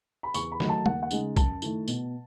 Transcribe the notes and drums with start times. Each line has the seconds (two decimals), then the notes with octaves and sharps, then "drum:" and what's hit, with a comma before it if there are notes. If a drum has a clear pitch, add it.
0.23 B5
0.34 E2 C#6, drum: tambourine
0.52 B5
0.60 D#3 F#3 A3 D#4, drum: snare
0.69 A5
0.86 D#2 F#5, drum: tom
1.03 F#5
1.11 C#3 G#3 D#4, drum: tambourine
1.36 F#2 A5, drum: kick, tambourine
1.62 D#3 A3 E4, drum: tambourine
1.88 B2, drum: tambourine